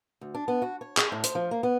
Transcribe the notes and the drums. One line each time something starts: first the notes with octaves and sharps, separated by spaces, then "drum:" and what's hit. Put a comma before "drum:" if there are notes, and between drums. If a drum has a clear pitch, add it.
D2
D4
B3
F#4
C#5
G#4, drum: clap
A2
C5, drum: hi-hat
F3
A#3
B3